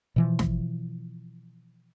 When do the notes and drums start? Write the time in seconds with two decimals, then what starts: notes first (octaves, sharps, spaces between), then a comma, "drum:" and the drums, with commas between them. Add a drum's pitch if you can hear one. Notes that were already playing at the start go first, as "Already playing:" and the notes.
0.16 B2 E3 F3
0.39 drum: snare